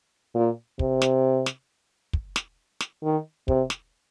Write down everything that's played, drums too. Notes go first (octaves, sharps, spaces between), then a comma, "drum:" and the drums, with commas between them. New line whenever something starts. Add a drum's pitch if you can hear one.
A#2
C3, drum: kick
drum: snare
drum: snare
drum: kick
drum: snare
drum: snare
D#3
C3, drum: kick
drum: snare